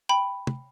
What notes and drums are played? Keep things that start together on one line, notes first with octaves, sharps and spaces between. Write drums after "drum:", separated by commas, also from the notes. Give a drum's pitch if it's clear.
G5 B5
drum: tom